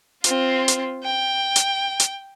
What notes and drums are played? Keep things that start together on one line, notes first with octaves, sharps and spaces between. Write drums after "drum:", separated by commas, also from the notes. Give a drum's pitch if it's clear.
C4 F4, drum: hi-hat
drum: hi-hat
G5
drum: hi-hat
drum: hi-hat